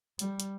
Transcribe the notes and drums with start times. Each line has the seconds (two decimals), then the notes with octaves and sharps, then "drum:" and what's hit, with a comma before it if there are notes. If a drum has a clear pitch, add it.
0.19 G3, drum: hi-hat
0.40 drum: hi-hat